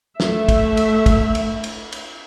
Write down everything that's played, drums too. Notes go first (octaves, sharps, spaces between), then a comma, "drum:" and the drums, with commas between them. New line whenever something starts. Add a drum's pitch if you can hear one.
A3 E5, drum: snare
drum: kick, cymbal
drum: cymbal
drum: kick, cymbal
drum: cymbal
drum: cymbal
drum: cymbal